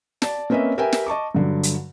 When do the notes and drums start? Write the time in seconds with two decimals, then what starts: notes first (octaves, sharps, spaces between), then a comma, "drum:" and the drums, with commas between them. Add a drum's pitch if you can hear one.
0.22 D5 A5, drum: snare
0.50 A#3 C4 C#4 B4 D#5 E5
0.77 G4 A#4 B4 E5 G5 G#5
0.93 drum: snare
1.07 D#5 A5 C#6 D6
1.35 G2 D3 F#3
1.63 drum: hi-hat